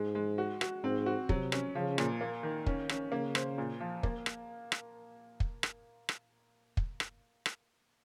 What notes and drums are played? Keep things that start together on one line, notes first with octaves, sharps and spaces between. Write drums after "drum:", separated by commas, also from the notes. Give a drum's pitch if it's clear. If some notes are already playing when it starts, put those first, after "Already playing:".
Already playing: G#2 G#3
G#3
F#4
F#4, drum: rim click
G#2 C4
F#4
C3 F#3, drum: kick
C#4, drum: rim click
C#3 F3
A#2, drum: rim click
A#3
D#3
C#4, drum: kick
C#4, drum: rim click
C#3 A#3
C5, drum: rim click
A#2
F3
A#3, drum: kick
drum: rim click
drum: rim click
drum: kick
drum: rim click
drum: rim click
drum: kick
drum: rim click
drum: rim click